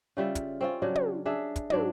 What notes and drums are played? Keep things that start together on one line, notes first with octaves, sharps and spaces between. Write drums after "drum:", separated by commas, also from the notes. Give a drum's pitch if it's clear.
C#3 G3 F4 E5
drum: kick, hi-hat
C4 C#4 F4
C#3 F#3 G3 D4
drum: tom
D4 G#4 E5
drum: kick, hi-hat
G#2 F#3 D4, drum: tom